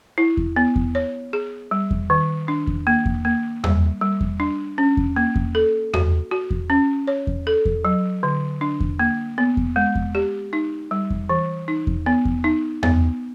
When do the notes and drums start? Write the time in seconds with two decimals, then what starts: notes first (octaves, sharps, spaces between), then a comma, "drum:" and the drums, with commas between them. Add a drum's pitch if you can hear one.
0.18 E4
0.37 drum: kick E2
0.56 B3
0.76 drum: kick E2
0.95 C#5
1.33 G#4
1.71 G3
1.91 drum: kick E2
2.10 D#3
2.48 D4
2.67 drum: kick E2
2.87 A#3
3.06 drum: kick E2
3.25 A#3
3.64 G3, drum: tom E2
4.01 G3
4.21 drum: kick E2
4.40 D4
4.78 C#4
4.97 drum: kick E2
5.16 A#3
5.36 drum: kick E2
5.55 A4
5.94 F#4, drum: tom E2
6.31 F#4
6.51 drum: kick E2
6.70 C#4
7.07 C#5
7.27 drum: kick E2
7.47 A4
7.65 drum: kick E2
7.85 F#3
8.23 D3
8.61 D4
8.80 drum: kick E2
8.99 A#3
9.38 B3
9.57 drum: kick E2
9.76 G#3
9.95 drum: kick E2
10.15 G4
10.53 D#4
10.91 G3
11.10 drum: kick E2
11.29 E3
11.68 D#4
11.87 drum: kick E2
12.06 B3
12.25 drum: kick E2
12.44 D#4
12.83 B3, drum: tom E2